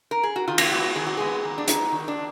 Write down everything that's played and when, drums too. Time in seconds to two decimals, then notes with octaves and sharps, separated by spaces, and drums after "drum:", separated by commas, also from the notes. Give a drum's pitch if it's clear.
0.11 A#4
0.23 G#4
0.36 F#4
0.48 D#3 F4
0.58 drum: cymbal
0.71 G#3 B3 F#4
0.96 D#3 G#4
1.07 F#4
1.17 G#3 B3 G#4
1.44 D#3
1.58 D4
1.68 G#3 B3 D#4, drum: hi-hat
1.92 D#3
2.08 D4